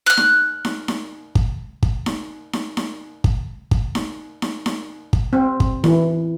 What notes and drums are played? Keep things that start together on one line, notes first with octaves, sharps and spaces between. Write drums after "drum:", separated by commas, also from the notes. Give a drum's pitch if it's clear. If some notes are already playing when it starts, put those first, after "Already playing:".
F6 F#6
drum: snare D#4
drum: snare D#4
drum: snare D#4
drum: kick
drum: kick
drum: snare D#4
drum: snare D#4
drum: snare D#4
drum: kick
drum: kick
drum: snare D#4
drum: snare D#4
drum: snare D#4
drum: kick
C4
drum: kick
E3, drum: snare D#4